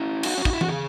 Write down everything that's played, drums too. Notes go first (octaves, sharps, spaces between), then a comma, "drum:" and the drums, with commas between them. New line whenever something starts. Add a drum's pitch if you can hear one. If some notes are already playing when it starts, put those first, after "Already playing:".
Already playing: C#4 E4
D#4 F#4, drum: cymbal
C#4
D#4, drum: kick
E4
F#4, drum: tom E3
C#3 G#4